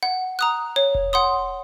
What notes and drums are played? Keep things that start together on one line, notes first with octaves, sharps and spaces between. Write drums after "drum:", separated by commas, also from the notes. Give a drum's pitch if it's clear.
F#5
A#5 D#6 F#6
C#5
drum: kick F1
F#5 C6 D#6